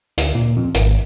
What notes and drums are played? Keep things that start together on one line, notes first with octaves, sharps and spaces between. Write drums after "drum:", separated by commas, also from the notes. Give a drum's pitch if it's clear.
D2, drum: hi-hat
A#2
F2
G#1, drum: hi-hat